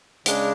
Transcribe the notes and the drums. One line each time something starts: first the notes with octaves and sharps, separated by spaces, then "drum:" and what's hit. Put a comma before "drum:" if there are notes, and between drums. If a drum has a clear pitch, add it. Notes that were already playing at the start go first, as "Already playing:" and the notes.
C#3 G#3 D4, drum: hi-hat